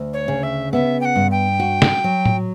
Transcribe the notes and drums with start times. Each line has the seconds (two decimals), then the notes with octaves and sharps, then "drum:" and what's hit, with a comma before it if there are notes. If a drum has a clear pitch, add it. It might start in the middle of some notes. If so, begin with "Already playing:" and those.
Already playing: D2
0.13 C#5
0.28 C#3
0.43 E5
0.73 B3 E5
1.01 G5
1.05 F#5
1.16 G2
1.31 G5
1.60 F#4
1.82 drum: snare
2.04 F#3
2.26 drum: tom A2